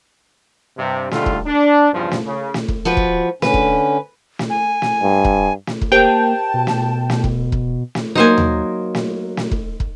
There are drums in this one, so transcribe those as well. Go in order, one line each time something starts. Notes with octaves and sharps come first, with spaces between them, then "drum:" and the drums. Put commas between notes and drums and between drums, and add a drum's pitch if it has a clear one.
G2 C3
G#2 D3 G3 A3 F4 A4, drum: snare
drum: kick
D4
E2 G2 C#3 F3
drum: snare
C#3
drum: snare
drum: kick
F3 F#4 B4
drum: kick
D3 C#4 B4, drum: snare
drum: kick
drum: snare
G#5
drum: snare
G2
drum: kick
drum: snare
drum: kick
A#3 G4 A#4 C5 G5 A5
B2
drum: snare
drum: snare
drum: kick
drum: kick
drum: snare
F#3 A#3 D#4 C5 G#5
drum: tom D#2
drum: snare
drum: snare
drum: kick
drum: kick